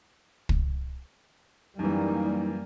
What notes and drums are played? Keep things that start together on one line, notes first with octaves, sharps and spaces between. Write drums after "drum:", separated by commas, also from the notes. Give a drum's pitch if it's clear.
drum: kick
F#2 E3 G3 A#3 D#4